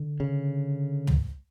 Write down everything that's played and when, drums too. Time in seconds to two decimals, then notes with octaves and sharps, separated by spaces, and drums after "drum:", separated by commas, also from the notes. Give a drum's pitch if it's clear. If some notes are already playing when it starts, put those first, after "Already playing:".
Already playing: D3
0.20 C#3
1.07 drum: tom